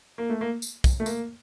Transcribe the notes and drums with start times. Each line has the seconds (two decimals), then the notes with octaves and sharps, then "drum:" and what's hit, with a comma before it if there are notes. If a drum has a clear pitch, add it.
0.18 A#3
0.30 A3
0.41 A#3
0.62 drum: tambourine
0.84 drum: kick, tambourine
1.00 A3
1.06 A#3, drum: tambourine